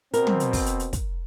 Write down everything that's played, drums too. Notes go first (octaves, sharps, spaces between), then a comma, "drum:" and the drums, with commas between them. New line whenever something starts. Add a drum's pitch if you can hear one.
B2 C4 A#4, drum: hi-hat
drum: tom
drum: hi-hat
drum: kick, open hi-hat
drum: hi-hat
drum: hi-hat
drum: kick, hi-hat